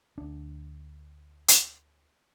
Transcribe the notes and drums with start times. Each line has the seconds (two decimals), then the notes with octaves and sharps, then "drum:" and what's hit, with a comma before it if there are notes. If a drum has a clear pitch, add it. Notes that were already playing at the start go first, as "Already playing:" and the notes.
0.18 D2 D4
1.48 drum: hi-hat